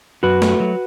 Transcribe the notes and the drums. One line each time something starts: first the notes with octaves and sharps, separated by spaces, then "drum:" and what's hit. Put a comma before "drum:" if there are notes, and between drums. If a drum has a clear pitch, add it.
F#2 F#4 B4
A3, drum: snare
F#3